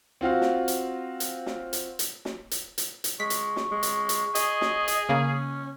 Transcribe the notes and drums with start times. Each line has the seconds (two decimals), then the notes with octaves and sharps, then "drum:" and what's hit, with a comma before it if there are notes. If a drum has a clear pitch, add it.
0.21 C4 F4 F#4 F5
0.41 drum: snare
0.68 drum: hi-hat
1.20 drum: hi-hat
1.46 drum: snare
1.73 drum: hi-hat
1.99 drum: hi-hat
2.25 drum: snare
2.51 drum: hi-hat
2.78 drum: hi-hat
3.04 drum: hi-hat
3.20 G#3 C#6 B6
3.30 drum: hi-hat
3.56 drum: snare
3.72 G#3
3.83 drum: hi-hat
4.09 drum: hi-hat
4.35 G#4 D#5, drum: hi-hat
4.61 drum: snare
4.88 drum: hi-hat
5.09 C#3 A#3 C#4